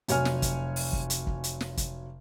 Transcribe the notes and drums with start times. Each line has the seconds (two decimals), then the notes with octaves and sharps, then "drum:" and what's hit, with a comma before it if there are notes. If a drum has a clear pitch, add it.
0.08 F1 F#3 C#5 G#5 F6, drum: hi-hat
0.25 drum: snare
0.42 drum: kick, hi-hat
0.76 drum: open hi-hat
0.93 drum: kick
1.10 drum: hi-hat
1.27 drum: kick
1.44 drum: hi-hat
1.60 drum: snare
1.77 drum: kick, hi-hat